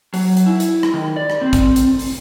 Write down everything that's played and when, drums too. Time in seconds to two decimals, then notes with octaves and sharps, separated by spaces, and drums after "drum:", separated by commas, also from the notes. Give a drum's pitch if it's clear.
0.14 F#3, drum: open hi-hat
0.37 drum: hi-hat
0.46 E4
0.60 drum: hi-hat
0.83 drum: rim click
0.94 D#3
1.16 D5
1.30 drum: rim click
1.41 C4
1.53 drum: kick, hi-hat
1.76 drum: hi-hat
1.99 drum: open hi-hat